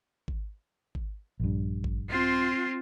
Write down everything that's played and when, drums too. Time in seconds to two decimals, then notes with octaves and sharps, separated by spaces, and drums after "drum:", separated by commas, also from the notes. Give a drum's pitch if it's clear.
0.28 drum: kick G#1
0.95 drum: kick G#1
1.40 A#1 G2
1.84 drum: kick G#1
2.09 C4 F4